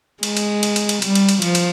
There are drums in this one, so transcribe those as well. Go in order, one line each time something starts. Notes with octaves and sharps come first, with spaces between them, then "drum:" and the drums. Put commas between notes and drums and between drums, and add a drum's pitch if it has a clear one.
G#3, drum: cymbal
drum: cymbal
drum: cymbal
drum: cymbal
drum: cymbal
G3, drum: cymbal
drum: cymbal
drum: cymbal
F3, drum: cymbal
drum: cymbal